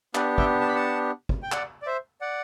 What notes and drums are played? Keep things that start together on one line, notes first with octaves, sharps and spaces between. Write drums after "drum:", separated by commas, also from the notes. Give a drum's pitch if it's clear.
B3 D4 G4 B4, drum: clap
E5 G5, drum: kick
A5
B5
F#5 A5
drum: kick
G5
D5 F#5, drum: clap
D5
C5 E5
D5 F#5